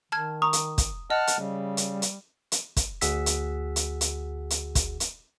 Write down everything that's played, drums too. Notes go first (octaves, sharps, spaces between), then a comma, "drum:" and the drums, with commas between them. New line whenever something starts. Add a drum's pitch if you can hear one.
D#3 A5 F6 G#6
A#5 C#6 D#6
drum: hi-hat
drum: kick, hi-hat
D#5 F#5 A5 F6
drum: hi-hat
C#3 G3
drum: hi-hat
drum: hi-hat
drum: hi-hat
drum: kick, hi-hat
D2 F#4 G#4 F#5 E6 B6, drum: hi-hat
drum: hi-hat
drum: hi-hat
drum: hi-hat
drum: hi-hat
drum: kick, hi-hat
drum: hi-hat